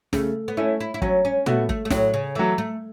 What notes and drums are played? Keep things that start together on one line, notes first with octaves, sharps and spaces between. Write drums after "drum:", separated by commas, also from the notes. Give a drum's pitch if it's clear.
C#3 A3, drum: snare
B3
A3 C#4 E4
E4
E4
F#3 C#4, drum: kick
C#4
A3 B3 F#4, drum: tom
A3, drum: kick
A3
A2 F#3, drum: snare
C#3
E3 F#3 A3
A3